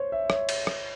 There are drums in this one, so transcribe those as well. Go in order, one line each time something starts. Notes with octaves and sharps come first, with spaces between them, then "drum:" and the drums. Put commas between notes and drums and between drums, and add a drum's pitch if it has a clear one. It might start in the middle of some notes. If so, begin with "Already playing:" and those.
Already playing: C5 C#5
E5
C#5, drum: rim click
drum: cymbal
drum: rim click